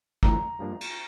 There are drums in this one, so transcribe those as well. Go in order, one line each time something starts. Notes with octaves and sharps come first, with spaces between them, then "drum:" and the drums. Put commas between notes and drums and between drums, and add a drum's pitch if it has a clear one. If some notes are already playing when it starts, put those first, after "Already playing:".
A2 E3 A3 D4 F4 A#5, drum: kick
G2 F3 A#3 D4
drum: cymbal